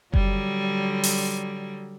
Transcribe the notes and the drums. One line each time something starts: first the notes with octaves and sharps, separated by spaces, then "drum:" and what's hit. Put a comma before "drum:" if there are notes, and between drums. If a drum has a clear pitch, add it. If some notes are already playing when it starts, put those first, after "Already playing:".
D3 F#3 G3, drum: kick F#1
drum: open hi-hat